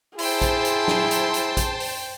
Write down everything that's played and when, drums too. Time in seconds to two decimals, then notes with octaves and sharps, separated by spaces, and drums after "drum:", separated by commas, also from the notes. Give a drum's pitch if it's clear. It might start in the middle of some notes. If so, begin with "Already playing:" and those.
0.18 E4 G#4 C5 G5 A5 C6, drum: open hi-hat
0.42 drum: kick A#1, hi-hat
0.65 drum: hi-hat
0.88 drum: snare
1.11 drum: hi-hat
1.34 drum: hi-hat
1.57 drum: kick A#1, hi-hat
1.80 drum: open hi-hat